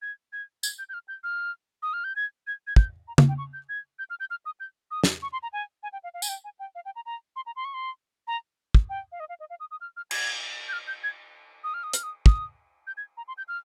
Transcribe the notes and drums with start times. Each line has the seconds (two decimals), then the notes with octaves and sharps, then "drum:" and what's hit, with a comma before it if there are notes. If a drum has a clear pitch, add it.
0.02 G#6
0.33 G#6
0.63 G#6, drum: tambourine
0.79 G6
0.89 G6
0.94 F6
1.08 G6
1.24 F6
1.82 D#6
1.93 F6
2.04 G6
2.16 G#6
2.47 G#6
2.67 G#6
2.76 G6, drum: kick
3.08 A#5
3.18 F5, drum: tom
3.28 G5
3.38 C#6
3.53 G6
3.69 G#6
3.99 G6
4.10 F6
4.20 G6
4.30 F6
4.46 D#6
4.60 G6
4.91 D#6
5.04 drum: snare
5.22 C#6
5.32 C6
5.43 A#5
5.53 G#5
5.83 G#5
5.93 G5
6.03 F5
6.14 F5
6.22 G#5, drum: tambourine
6.29 G5
6.44 G#5
6.59 G5
6.75 F5
6.85 G5
6.96 A#5
7.06 A#5
7.36 C6
7.46 A#5
7.56 C6
7.65 C#6
7.74 C6
8.27 A#5
8.74 drum: kick
8.89 G5
9.12 F5
9.20 D#5
9.29 F5
9.40 D#5
9.50 F5
9.60 D#6
9.71 D#6
9.81 F6
9.97 F6
10.11 G#6, drum: cymbal
10.68 G6
10.73 F6
10.87 G6
11.03 G#6
11.64 D#6
11.74 F6
11.83 D#6
11.93 F6, drum: hi-hat
12.03 D#6
12.26 D#6, drum: kick
12.87 G6
12.97 G#6
13.17 A#5
13.28 C6
13.38 G6
13.48 F6